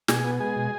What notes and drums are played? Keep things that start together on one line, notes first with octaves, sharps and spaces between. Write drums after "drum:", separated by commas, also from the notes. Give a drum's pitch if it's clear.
B2 G#4 G#5, drum: snare
B3
G#3 G#4 G#5
B2